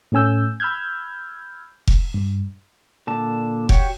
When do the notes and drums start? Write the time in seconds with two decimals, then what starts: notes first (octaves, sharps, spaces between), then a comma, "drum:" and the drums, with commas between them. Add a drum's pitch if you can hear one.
0.12 A2 A3 C#4 G#5 E6 G6
0.60 B5 E6 F6 G6 G#6
1.88 drum: kick F1
2.14 G2
3.07 A#2 D3 A5
3.69 F#4 G4 C#5 F#5 G5, drum: kick F1